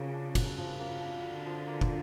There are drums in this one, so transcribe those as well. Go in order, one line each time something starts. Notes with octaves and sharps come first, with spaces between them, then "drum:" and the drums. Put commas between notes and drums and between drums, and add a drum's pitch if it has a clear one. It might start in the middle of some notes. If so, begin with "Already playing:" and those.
Already playing: C#3 F3 A#3 F#4
D4
F#4, drum: kick, cymbal
F3
A#3
D4
D3 F#4
F3
A#3
drum: kick